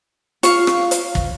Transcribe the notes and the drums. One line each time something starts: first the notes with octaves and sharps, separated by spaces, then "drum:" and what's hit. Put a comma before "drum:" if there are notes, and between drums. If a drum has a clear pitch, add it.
F4 F5 C#6, drum: hi-hat
drum: rim click
drum: hi-hat
drum: kick